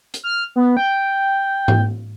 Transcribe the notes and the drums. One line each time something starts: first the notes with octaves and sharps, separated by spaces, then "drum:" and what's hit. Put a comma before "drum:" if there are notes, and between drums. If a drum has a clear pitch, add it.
drum: hi-hat
F6
B3
G5
drum: tom G#2